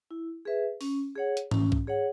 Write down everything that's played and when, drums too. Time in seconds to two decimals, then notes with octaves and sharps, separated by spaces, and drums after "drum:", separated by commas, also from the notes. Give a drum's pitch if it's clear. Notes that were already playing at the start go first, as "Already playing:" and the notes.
0.11 E4
0.45 G#4 B4 E5
0.81 C#4, drum: open hi-hat
1.16 G#4 C#5 F#5
1.37 drum: hi-hat
1.51 C#4, drum: tom G#2
1.72 drum: kick B1
1.87 G#4 C#5 F#5